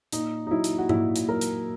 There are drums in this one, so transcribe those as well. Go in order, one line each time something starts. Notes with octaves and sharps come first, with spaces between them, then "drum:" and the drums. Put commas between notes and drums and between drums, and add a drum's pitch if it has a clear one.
A#2 D#4, drum: hi-hat
D#4
F#3 E4
drum: hi-hat
F#4
A#2 E4, drum: tom G#2
drum: hi-hat
F#3 A#4
drum: hi-hat